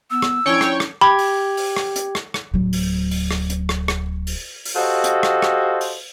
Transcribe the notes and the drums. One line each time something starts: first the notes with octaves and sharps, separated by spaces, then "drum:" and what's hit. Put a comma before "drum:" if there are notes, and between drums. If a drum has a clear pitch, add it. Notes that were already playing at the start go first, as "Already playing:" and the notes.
B3 E6
drum: rim click
F3 C#4 D4 E4 C#5 G5 C#6
drum: rim click
drum: rim click
G4 B5 G#6
drum: open hi-hat
drum: open hi-hat
drum: rim click
drum: hi-hat
drum: rim click
drum: rim click
D1 F#3
drum: open hi-hat
drum: open hi-hat
drum: rim click
drum: hi-hat
drum: rim click
drum: rim click
drum: open hi-hat
drum: open hi-hat
F#4 G4 A4 C5 D#5 F5
drum: hi-hat
drum: rim click
drum: rim click
drum: open hi-hat